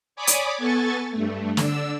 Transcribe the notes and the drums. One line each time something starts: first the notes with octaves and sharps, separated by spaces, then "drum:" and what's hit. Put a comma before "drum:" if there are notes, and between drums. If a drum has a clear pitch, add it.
C#5 D5 G#5 B5 D6 D#6
drum: hi-hat
B3 A4 G#5 C#6 A6
G2 A3
D3 D4 E6, drum: snare